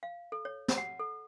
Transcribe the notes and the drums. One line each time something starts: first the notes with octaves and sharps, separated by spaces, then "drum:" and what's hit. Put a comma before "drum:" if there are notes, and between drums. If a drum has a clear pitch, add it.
F5
A4
C#5
drum: snare
F#5
A4